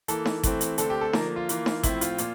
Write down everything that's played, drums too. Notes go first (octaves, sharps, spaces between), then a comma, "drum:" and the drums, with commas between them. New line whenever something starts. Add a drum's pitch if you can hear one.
E3 A#3 A4, drum: hi-hat
drum: snare D#4
E3 A3 C4, drum: kick G1, hi-hat
drum: hi-hat
D3 A3 C4 A4, drum: hi-hat
G4
A4
D3 F3 A#3 A#4, drum: snare D#4
F4
E3 A#3, drum: hi-hat
drum: snare D#4
A2 F3 C4 E4, drum: kick G1, hi-hat
F4, drum: hi-hat
A#2, drum: hi-hat